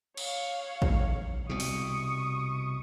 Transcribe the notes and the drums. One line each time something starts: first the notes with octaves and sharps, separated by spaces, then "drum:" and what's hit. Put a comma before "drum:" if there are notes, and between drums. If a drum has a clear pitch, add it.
C#5 F5, drum: cymbal
drum: kick A1
C2 B2 C#6 D#6
drum: open hi-hat